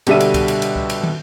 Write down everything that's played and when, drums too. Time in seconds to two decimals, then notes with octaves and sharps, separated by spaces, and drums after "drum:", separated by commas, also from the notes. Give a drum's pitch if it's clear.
0.07 B2 D3 G3 D4 E5 D#7, drum: cymbal
0.20 drum: cymbal
0.34 drum: kick C2, cymbal
0.48 drum: cymbal
0.62 drum: cymbal
0.76 drum: kick C2
0.90 drum: cymbal
1.03 drum: tom